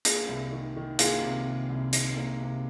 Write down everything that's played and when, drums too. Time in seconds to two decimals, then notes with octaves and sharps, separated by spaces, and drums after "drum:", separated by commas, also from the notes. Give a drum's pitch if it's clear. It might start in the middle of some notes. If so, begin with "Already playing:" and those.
0.05 A#3 F4 G#4, drum: hi-hat
0.28 C2
0.52 D#3
0.76 D#3
0.99 A#3 F4 G#4, drum: hi-hat
1.23 C3
1.46 C3
1.69 C2
1.93 D#3, drum: hi-hat
2.17 A#3
2.40 C3